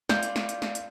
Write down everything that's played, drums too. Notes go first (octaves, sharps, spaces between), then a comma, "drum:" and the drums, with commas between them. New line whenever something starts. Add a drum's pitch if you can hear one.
F4 D5 G6, drum: snare
drum: hi-hat
drum: snare
drum: hi-hat
drum: snare
drum: hi-hat